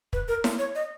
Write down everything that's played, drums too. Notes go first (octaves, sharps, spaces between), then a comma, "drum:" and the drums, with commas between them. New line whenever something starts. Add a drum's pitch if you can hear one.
B4, drum: kick
A#4
drum: snare E4
C#5
D#5